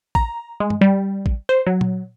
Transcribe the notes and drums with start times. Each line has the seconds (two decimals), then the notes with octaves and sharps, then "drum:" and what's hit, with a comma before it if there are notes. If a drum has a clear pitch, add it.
0.15 A#5, drum: kick
0.60 G#3
0.70 drum: tom G2
0.81 G3
1.26 drum: kick
1.49 C5
1.67 F#3
1.81 drum: tom A#2